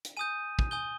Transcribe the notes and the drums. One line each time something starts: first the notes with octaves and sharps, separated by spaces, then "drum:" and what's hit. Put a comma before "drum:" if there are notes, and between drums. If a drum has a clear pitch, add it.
drum: hi-hat
G#5 D#6 G6 D#7
drum: kick
G#5 D#6 G6 G7